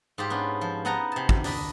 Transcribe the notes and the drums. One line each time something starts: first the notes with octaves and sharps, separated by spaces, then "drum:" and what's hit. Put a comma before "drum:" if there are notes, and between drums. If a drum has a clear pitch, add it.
G#2 F4 G4
B3 C#4 D4 F4
F3
B3 D#4 F#5 A5 A#5
C3 A5
drum: kick
D4 D5 D#5 A#5 B5, drum: open hi-hat